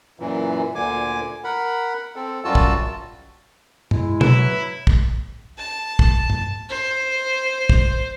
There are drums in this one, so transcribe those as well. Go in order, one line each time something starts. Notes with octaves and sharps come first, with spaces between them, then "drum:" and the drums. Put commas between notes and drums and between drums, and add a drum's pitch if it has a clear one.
F#2 A#2 E3
D2 A#2 D3 G#5 D6
A#4 F#5 B5
C4 A4
F#2 G3 F4 F#4 A5 E6
drum: kick
G#3 E4, drum: tom
F#3 E4 B4, drum: tom
drum: kick
A5
drum: kick
drum: tom
C5
drum: kick